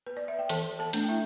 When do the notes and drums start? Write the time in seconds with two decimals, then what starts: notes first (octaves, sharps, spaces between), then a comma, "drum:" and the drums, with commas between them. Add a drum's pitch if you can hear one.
0.07 B4
0.17 D5
0.28 E5
0.39 G5
0.49 E3 A4 A5, drum: hi-hat
0.79 A4 A5
0.93 A3 D4, drum: hi-hat
1.04 G5
1.08 E4 E5